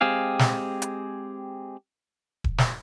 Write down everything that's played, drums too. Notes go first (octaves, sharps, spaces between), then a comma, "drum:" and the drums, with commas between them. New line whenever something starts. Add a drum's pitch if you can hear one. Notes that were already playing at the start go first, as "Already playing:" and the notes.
G#3 C4 G4 G#4 F5
drum: snare
drum: hi-hat
drum: kick D#1
drum: snare